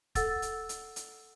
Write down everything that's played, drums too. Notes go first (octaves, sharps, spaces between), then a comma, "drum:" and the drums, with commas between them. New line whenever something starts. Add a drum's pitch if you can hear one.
A4 F#5 E6 A6, drum: kick, hi-hat
drum: hi-hat
drum: hi-hat
drum: hi-hat